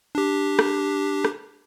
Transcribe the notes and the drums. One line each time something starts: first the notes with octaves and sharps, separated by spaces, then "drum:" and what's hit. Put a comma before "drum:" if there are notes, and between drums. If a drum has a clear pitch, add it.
D4 G4
drum: rim click
drum: rim click